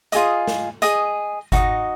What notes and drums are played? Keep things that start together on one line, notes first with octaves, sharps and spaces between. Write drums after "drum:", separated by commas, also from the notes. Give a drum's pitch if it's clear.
F4 G#4 D#5 D#6, drum: hi-hat
drum: snare
G#4 D#5 D#6, drum: hi-hat
D#4 F#4 D#5, drum: kick G1, hi-hat